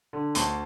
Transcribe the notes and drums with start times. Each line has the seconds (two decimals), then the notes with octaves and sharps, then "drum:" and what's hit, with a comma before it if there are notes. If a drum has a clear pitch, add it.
0.13 D3
0.35 D2 A5 C6, drum: hi-hat